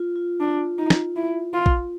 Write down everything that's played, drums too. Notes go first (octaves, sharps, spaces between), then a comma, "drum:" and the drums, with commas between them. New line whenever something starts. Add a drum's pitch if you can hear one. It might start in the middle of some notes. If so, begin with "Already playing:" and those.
Already playing: F4
F4
D4
D#4
drum: snare
E4
F4
drum: kick A#1